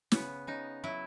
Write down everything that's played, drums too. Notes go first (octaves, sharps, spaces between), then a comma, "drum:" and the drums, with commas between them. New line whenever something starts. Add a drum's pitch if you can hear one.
C#3 B3, drum: snare
C#3 D#4
F#3 E4